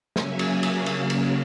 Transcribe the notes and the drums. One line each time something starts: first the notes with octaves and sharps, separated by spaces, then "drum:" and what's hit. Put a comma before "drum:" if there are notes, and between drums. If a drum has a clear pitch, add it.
C#3 F#3 A#3 C#4 E5 G#5, drum: snare
drum: cymbal
drum: cymbal
drum: cymbal
drum: cymbal